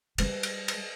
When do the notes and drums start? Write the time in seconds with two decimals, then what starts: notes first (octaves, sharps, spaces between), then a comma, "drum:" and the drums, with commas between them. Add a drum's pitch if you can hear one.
0.18 G3, drum: cymbal
0.43 drum: cymbal
0.68 drum: cymbal